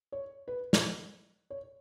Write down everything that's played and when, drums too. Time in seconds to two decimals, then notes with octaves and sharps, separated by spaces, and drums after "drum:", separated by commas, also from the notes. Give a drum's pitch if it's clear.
0.12 C#5
0.48 B4
0.73 drum: snare
1.50 C#5